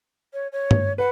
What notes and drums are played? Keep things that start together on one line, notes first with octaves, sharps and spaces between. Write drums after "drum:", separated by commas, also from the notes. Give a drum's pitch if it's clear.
C#5
C#5
drum: tom G2
B4 F#5